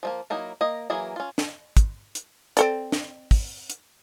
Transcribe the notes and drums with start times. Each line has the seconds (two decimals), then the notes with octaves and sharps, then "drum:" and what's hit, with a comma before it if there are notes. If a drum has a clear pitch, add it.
0.03 F3 A3 A#3
0.30 F#3 A#3 D#4 E4
0.61 A#3 D#5
0.90 E3 F#3 A#3 E4 G#4
1.16 C#4 F4
1.38 drum: snare
1.77 drum: kick, hi-hat
2.15 drum: hi-hat
2.57 C4 A4 D5, drum: hi-hat
2.92 drum: snare
3.31 drum: kick, open hi-hat
3.70 drum: hi-hat